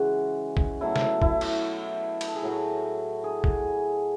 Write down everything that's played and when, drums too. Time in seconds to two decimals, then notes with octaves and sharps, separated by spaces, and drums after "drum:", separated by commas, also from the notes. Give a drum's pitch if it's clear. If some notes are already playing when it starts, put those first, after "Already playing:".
Already playing: C#3 E3 G#3 F#4
0.57 drum: kick
0.81 B2 F#3 A3 E4
0.96 drum: snare
1.22 E4, drum: kick
1.41 drum: cymbal
2.21 B4, drum: cymbal
2.28 A4
2.35 G#4
2.42 A2 F#3 A3 F#4
3.24 G#4
3.44 drum: kick